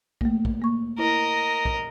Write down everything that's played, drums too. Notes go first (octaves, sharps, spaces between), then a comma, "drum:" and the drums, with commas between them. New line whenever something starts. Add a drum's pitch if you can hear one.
A3 A#3, drum: kick A#1
drum: kick A#1
A#3 C#6
E4 A#4 D#5
drum: kick A#1